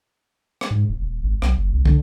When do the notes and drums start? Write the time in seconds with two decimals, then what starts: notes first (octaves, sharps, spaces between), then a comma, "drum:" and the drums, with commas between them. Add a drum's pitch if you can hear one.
0.61 drum: rim click
0.71 G#2
0.89 D#1
1.02 D#1
1.24 G#1
1.42 B1, drum: rim click
1.57 F#1
1.73 C2
1.85 D3, drum: kick